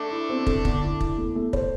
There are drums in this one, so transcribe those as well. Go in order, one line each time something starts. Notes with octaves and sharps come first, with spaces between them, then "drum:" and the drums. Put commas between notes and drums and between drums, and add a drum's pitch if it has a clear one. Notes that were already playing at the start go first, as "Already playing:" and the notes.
Already playing: A3 D4
E4
C4
A4, drum: kick
D3, drum: kick
E4
E4, drum: kick
A3
A3
C5, drum: kick